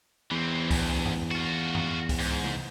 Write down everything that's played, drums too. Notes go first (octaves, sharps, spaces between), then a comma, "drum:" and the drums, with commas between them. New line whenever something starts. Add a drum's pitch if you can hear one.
E2 E3 C4
D2, drum: kick C2, open hi-hat
drum: tom F2
F4 F#4
drum: tom F2
drum: kick C2, open hi-hat
G#2
drum: tom C3